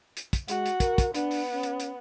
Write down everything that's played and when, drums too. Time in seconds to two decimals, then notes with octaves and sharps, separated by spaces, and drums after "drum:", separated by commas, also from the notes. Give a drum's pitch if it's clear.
0.17 drum: hi-hat
0.33 drum: kick, hi-hat
0.48 G#3 F#4, drum: hi-hat
0.66 drum: hi-hat
0.80 A#4, drum: kick, hi-hat
0.98 drum: kick, hi-hat
1.14 B3 D4, drum: hi-hat
1.31 drum: open hi-hat
1.54 C#4
1.63 drum: hi-hat
1.80 drum: hi-hat